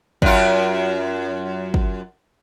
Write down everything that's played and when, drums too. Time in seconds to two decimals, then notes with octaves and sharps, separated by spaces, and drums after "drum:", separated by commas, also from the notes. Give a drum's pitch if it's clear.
0.22 F#2 F4, drum: kick
1.74 drum: kick